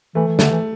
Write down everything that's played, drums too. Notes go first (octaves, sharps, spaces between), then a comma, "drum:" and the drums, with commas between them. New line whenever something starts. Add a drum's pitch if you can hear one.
E3 A3
E3
D3 A3, drum: snare
E3